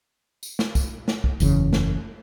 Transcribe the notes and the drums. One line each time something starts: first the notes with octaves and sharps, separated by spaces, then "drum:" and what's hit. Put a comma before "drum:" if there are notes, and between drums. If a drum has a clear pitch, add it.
drum: tambourine
drum: snare
drum: kick, tambourine
drum: snare
drum: kick
F#1 E2 C#3, drum: tambourine
drum: snare